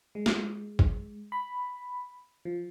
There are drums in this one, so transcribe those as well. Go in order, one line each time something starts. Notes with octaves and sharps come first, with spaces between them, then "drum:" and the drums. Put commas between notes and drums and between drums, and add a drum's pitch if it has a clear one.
G#3
drum: snare
drum: kick
B5
F3